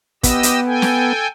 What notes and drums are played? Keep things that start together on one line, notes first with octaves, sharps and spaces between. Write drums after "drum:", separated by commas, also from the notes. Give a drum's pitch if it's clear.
B3 G4 D#5 E6, drum: kick, hi-hat
drum: hi-hat
A4 G5 G#5
drum: snare